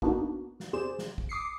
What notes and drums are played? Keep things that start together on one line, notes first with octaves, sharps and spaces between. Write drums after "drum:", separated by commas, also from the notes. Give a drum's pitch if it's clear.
A#3 B3 D4 D#4 F#4, drum: kick
drum: snare
E2 C3 G#4 C5 D5 E7
drum: snare
drum: kick
D6 D#6 C7 C#7